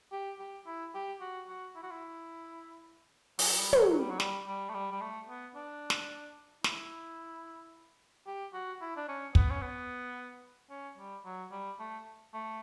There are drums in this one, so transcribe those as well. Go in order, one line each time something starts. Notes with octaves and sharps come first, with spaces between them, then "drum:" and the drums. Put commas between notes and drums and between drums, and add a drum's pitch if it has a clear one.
G4
G4
E4
G4
F#4
F#4
E4
F#4
E4
F#3, drum: open hi-hat
F#3
G3
G3, drum: tom
F#3
F#3
G3
F#3
G3, drum: snare
G3
A3
G3
G3
A3
B3
D4
drum: snare
E4, drum: snare
G4
F#4
E4
D4
C#4
B3, drum: kick
C#4
B3
C#4
G3
F#3
G3
A3
A3